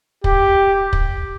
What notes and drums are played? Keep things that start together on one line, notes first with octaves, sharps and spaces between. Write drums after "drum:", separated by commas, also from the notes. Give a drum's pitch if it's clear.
G4, drum: kick
drum: kick